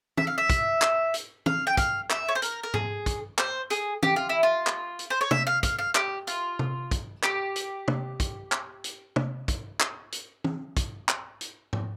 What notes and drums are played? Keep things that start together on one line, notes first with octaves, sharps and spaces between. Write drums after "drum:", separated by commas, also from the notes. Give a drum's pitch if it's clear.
E5, drum: tom
F5
E5
drum: kick, hi-hat
drum: clap
drum: hi-hat
F5, drum: tom
G5
F5, drum: kick, hi-hat
E5, drum: clap
C#5
C5
A#4, drum: hi-hat
A#4
G#4, drum: tom G#2
drum: kick, hi-hat
C5, drum: clap
G#4, drum: hi-hat
G4, drum: tom
F4
E4
F4
drum: clap
drum: hi-hat
C5
C#5
E5, drum: tom
F5
F5, drum: kick, hi-hat
F5
G4, drum: clap
F4, drum: hi-hat
drum: tom
drum: kick, hi-hat
G4, drum: clap
drum: hi-hat
drum: tom
drum: kick, hi-hat
drum: clap
drum: hi-hat
drum: tom
drum: kick, hi-hat
drum: clap
drum: hi-hat
drum: tom
drum: kick, hi-hat
drum: clap
drum: hi-hat
drum: tom G#2